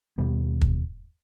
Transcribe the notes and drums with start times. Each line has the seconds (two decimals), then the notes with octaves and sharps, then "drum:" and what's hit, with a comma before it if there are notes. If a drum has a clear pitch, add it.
0.18 D#2 B2 G3 B3
0.61 drum: kick